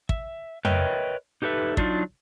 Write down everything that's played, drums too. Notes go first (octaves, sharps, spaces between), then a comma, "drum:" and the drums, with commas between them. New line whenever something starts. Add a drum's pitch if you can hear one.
E5, drum: kick
A#4 B4 C#5 D#5 E5 G5, drum: tom F2
D#4 G4 A4 B4 E5
F#3 D4 D#4 F4, drum: kick